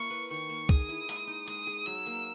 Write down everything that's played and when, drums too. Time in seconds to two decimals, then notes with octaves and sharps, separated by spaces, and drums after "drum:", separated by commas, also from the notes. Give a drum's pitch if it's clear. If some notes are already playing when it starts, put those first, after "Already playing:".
Already playing: A#3 E4 C#6
0.10 B4
0.31 D#3 C#6
0.49 A#3
0.69 G#4 D#6, drum: kick C#2, hi-hat
0.89 E4
1.09 G#3, drum: open hi-hat
1.27 D#4
1.48 G#3 D#6, drum: hi-hat
1.67 G#4
1.86 F#3 E6, drum: hi-hat
2.06 A#3